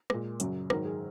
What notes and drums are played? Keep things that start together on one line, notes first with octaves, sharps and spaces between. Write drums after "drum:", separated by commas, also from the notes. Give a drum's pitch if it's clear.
A#2 G#3, drum: rim click
F#2 C#3 F#3, drum: hi-hat
G#2 D#3 F#3 A#4, drum: rim click
G#4